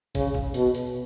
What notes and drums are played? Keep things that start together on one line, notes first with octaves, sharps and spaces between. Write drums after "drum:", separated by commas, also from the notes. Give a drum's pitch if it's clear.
C#3, drum: kick, hi-hat
drum: kick
B2, drum: hi-hat
drum: hi-hat